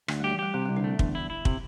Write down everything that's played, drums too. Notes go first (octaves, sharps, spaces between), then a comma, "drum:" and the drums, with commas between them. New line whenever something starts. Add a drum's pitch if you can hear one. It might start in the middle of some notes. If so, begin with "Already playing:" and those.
D2 A3, drum: rim click
G3
G4
E3
G3 G4
C3 G3
G3
C2
D3 D4
A3
E2 D3 D4, drum: kick
E4
E4
C3, drum: kick